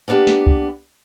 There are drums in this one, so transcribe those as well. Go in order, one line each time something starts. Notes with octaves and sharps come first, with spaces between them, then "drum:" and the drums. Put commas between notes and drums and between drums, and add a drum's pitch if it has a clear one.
A#3 B3 D4 G4
drum: snare
drum: kick C2